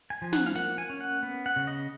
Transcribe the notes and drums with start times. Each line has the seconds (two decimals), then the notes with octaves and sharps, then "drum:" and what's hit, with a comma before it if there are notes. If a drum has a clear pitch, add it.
0.10 G#5
0.22 F3 G#5
0.33 F#5, drum: snare
0.46 F5
0.55 A#3 F#5, drum: hi-hat
0.78 G#5
0.90 C#4
1.00 F#5
1.23 B3
1.46 F#5
1.56 C#3
1.67 D#5